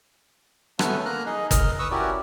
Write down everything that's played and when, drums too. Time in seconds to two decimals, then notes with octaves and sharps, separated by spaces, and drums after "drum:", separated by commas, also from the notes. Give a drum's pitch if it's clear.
0.79 A3 B3 C#4 A4 B4 G#5, drum: rim click
1.05 A#3 A#5 F6 F#6
1.26 D#4 G#4 D#5
1.51 D#5 F6, drum: kick, hi-hat
1.79 B4 C#6 D#6 E6
1.91 C#4 E4 F#4 G4 A#4 D5